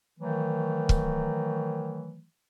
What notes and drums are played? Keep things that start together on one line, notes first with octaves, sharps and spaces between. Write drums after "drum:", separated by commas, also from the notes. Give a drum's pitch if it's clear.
D#3 E3 F#3 A3
drum: kick